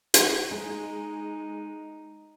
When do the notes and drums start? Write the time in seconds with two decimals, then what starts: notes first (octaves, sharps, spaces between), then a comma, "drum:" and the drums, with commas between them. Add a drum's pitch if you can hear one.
0.14 drum: hi-hat
0.51 G#3 D#4